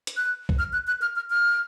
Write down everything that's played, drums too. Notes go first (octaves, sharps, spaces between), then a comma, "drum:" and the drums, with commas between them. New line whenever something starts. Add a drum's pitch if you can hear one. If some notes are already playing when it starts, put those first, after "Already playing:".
drum: hi-hat
F#6
drum: kick C2
F6
F#6
F#6
F6
F6
F6